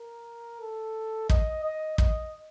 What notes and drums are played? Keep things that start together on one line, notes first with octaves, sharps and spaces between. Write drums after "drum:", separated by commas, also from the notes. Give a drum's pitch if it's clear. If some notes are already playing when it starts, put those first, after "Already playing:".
Already playing: A#4
A4
D#5, drum: kick
D#5
D#5, drum: kick